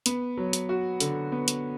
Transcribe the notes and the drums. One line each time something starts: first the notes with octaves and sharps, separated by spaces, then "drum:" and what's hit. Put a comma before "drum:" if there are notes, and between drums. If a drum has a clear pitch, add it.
B3, drum: hi-hat
F#3
drum: hi-hat
F#4
D3, drum: hi-hat
B3
drum: hi-hat